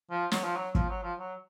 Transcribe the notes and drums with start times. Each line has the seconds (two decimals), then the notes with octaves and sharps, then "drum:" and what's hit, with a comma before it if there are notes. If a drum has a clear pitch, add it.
0.10 F3
0.31 F#3, drum: snare
0.44 F3
0.56 F#3
0.75 F3, drum: kick
0.89 F#3
1.03 F3
1.18 F#3